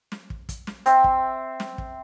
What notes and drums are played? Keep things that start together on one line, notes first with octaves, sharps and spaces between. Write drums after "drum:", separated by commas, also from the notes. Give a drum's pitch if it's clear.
drum: snare
drum: kick
drum: kick, hi-hat
drum: snare
C4 E5, drum: hi-hat
drum: kick
drum: snare
drum: kick